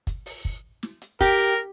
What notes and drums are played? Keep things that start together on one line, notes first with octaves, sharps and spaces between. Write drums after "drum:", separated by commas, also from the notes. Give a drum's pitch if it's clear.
drum: kick, hi-hat
drum: open hi-hat
drum: kick
drum: snare
drum: hi-hat
G4 A#4, drum: kick, hi-hat
drum: hi-hat